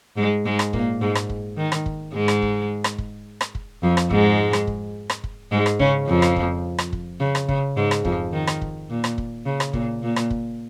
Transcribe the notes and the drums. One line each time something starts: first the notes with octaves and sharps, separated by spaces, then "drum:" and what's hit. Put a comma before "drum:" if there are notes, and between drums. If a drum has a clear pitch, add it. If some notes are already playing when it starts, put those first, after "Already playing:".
G#2 G#3
G#2 G#3
drum: rim click
A#2 A#3, drum: kick
G#2 G#3
drum: rim click
drum: kick
D#3
drum: rim click
drum: kick
G#2 G#3
drum: rim click
drum: kick
drum: rim click
drum: kick
drum: rim click
drum: kick
F2 F3
drum: rim click
G#2 G#3, drum: kick
drum: rim click
drum: kick
drum: rim click
drum: kick
G#2 G#3
drum: rim click
C#3 C#4, drum: kick
F2 F3
drum: rim click
drum: kick
drum: rim click
drum: kick
C#3
drum: rim click
C#3, drum: kick
G#2 G#3
drum: rim click
F2 F3, drum: kick
D#3
drum: rim click
drum: kick
A#2
drum: rim click
drum: kick
C#3
drum: rim click
A#2, drum: kick
A#2
drum: rim click
drum: kick